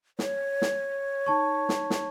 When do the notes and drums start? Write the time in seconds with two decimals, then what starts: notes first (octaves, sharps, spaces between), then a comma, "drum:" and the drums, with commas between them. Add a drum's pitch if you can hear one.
0.19 C#5, drum: snare
0.62 drum: snare
1.26 D#4 A5 C#6
1.69 drum: snare
1.90 drum: snare